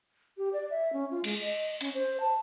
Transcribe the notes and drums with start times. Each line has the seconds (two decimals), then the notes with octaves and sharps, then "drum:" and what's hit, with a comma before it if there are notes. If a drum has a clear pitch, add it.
0.38 G4
0.53 D5
0.71 E5
0.93 C#4
1.11 F4
1.24 G#3, drum: cymbal
1.41 D#5
1.81 C#4, drum: hi-hat
1.94 C5
2.20 A5